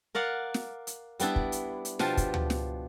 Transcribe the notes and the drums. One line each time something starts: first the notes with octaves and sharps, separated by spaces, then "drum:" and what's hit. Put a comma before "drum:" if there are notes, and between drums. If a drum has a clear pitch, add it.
A#4 D5 F5 F#5
drum: snare
drum: hi-hat
G3 B3 D4 E4, drum: hi-hat
drum: kick
drum: hi-hat
drum: hi-hat
B2 F3 D4 F4 G4, drum: snare
drum: kick, hi-hat
drum: tom D2
drum: snare